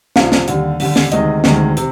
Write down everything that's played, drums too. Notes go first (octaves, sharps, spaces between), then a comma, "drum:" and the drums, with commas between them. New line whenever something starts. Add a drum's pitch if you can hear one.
C2 C3 F3 F5, drum: snare
drum: snare
D#2 D3 G3, drum: hi-hat
D#2 D3 G3, drum: open hi-hat
drum: snare
D2 C3 D#3 G#3 D#5, drum: hi-hat
D2 C3 D#3 G#3, drum: snare
C3, drum: hi-hat